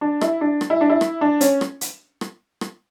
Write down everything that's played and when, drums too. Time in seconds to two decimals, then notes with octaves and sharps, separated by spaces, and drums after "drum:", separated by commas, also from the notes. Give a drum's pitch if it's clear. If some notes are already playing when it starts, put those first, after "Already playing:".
0.01 D4
0.21 E4, drum: rim click
0.41 D4
0.61 drum: rim click
0.70 E4
0.81 D4
0.90 E4
1.01 drum: rim click
1.21 D4
1.41 C#4, drum: hi-hat
1.61 drum: rim click
1.81 drum: hi-hat
2.21 drum: rim click
2.61 drum: rim click